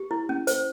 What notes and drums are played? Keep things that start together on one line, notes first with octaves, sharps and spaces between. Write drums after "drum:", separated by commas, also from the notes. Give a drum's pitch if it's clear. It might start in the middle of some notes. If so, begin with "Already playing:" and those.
Already playing: G4
E4
C#4
C5, drum: hi-hat